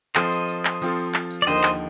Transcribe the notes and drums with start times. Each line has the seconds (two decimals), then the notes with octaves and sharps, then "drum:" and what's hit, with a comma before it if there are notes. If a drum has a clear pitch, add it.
0.15 F3 C4 F4 A4 C5 D#5, drum: clap
0.32 drum: tambourine
0.49 drum: tambourine
0.65 drum: clap
0.82 F3 C4 F4 A4, drum: tambourine
0.98 drum: tambourine
1.14 drum: clap
1.31 drum: tambourine
1.42 D5
1.47 D#2 D3 F3 A#3 D#4 C5 D#5, drum: tambourine
1.63 drum: clap